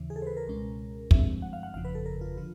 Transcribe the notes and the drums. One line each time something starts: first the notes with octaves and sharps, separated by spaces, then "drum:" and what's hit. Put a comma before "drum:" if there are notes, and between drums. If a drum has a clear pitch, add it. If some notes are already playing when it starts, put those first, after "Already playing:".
Already playing: D#2 C#3 E3
G#4
A4
C5
B4
A#4
C#2 B2 G#3 C#4
G2 D3 F3 G#3 C4 E5, drum: kick
F#5
F5
F#5
G1 F2 C#3 F3 F5
B4
A4
A#4
F4
D3 F3 F4